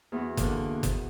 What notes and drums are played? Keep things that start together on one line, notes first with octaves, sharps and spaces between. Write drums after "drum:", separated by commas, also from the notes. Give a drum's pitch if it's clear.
E2 B3 F#4
D3 A#3, drum: kick F#1, hi-hat
drum: kick F#1, hi-hat